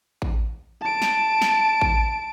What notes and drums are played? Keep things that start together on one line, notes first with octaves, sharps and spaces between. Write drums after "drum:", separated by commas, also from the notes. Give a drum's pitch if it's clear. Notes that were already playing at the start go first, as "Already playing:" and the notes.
drum: kick A1
A5 D7
drum: snare
drum: snare
drum: kick A1